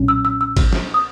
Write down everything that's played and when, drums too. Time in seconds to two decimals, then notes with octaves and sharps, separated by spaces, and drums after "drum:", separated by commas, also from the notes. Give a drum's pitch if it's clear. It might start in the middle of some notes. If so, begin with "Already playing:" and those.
Already playing: B1 A#2 F#3 C#4
0.08 E6
0.25 E6
0.41 E6
0.57 drum: kick, cymbal
0.73 drum: snare
0.94 D#6